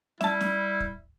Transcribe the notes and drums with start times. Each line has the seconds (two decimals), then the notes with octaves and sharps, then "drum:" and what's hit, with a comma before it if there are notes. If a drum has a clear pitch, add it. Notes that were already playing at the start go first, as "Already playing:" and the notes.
0.21 G3 E4 E5 A5, drum: snare
0.41 drum: snare
0.80 drum: kick